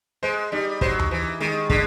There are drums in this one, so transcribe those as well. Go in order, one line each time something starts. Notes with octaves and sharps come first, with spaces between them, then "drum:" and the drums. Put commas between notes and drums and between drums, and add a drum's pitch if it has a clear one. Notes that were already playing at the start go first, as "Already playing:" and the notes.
G#3 C5
G3 D#4
F#3 C5, drum: kick
drum: tom D#2
E3 C5
D#3 G#3
D3 G#3, drum: kick